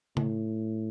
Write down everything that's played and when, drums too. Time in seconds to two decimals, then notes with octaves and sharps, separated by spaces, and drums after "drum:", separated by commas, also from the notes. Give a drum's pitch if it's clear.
0.17 A2, drum: tom